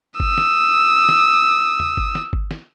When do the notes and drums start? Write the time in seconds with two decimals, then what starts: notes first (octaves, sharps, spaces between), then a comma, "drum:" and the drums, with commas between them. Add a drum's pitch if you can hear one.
0.20 D#6 E6, drum: kick G1
0.38 drum: snare
1.09 drum: snare
1.80 drum: tom E2
1.97 drum: kick G1
2.15 drum: snare
2.33 drum: kick G1
2.51 drum: snare